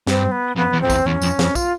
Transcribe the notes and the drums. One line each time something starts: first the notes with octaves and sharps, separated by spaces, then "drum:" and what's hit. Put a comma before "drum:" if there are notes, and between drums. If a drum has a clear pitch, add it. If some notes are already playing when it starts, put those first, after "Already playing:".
G2 C4, drum: snare
B3
F2 B3
E2
F2 C4
E2, drum: kick, tambourine
E2 C#4
F2, drum: tambourine
F2, drum: snare
F4, drum: kick, tambourine